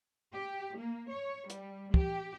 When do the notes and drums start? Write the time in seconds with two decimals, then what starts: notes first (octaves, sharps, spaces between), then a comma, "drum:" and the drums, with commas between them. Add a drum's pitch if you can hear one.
0.33 G4
0.77 A#3
1.12 C#5
1.50 G3, drum: hi-hat
1.94 G4, drum: kick